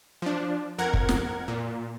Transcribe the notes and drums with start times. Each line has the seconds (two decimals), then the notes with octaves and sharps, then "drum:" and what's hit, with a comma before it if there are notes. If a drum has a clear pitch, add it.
0.22 F3 D4
0.78 F2 A#4 F#5 G#6
0.94 drum: kick
1.09 drum: snare
1.48 A#2